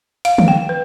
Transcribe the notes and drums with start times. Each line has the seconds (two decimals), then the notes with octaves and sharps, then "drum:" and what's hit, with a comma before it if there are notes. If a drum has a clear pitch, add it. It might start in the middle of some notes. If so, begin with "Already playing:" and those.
0.25 F5, drum: hi-hat
0.38 drum: tom D3
0.48 G5
0.69 B4